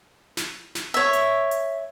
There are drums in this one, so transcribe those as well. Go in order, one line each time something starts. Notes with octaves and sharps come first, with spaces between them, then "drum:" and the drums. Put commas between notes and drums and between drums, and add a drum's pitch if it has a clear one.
drum: snare
drum: snare
C#5 E5
drum: hi-hat
drum: hi-hat